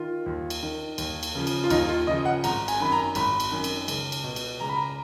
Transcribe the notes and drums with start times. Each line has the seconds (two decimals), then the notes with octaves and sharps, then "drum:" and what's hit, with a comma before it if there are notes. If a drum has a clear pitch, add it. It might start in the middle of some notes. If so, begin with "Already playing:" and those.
Already playing: D#3 F4
0.26 D#2
0.50 drum: cymbal
0.63 D#3
0.98 D#2, drum: cymbal
1.23 drum: cymbal
1.35 C#3 F3
1.47 drum: cymbal
1.64 F4
1.70 D#2 D#4, drum: cymbal
1.89 F4
2.07 C#3 F3 D#5
2.25 F#5
2.44 G#1 A#5, drum: cymbal
2.68 G#5, drum: cymbal
2.80 F#2 D#3 B5
2.92 A#5
3.15 G#1 B5, drum: cymbal
3.40 drum: cymbal
3.52 F#2 D#3
3.64 drum: cymbal
3.88 C#2, drum: cymbal
4.12 drum: cymbal
4.24 B2
4.36 drum: cymbal
4.60 C#2 A#5
4.69 B5
4.76 A#5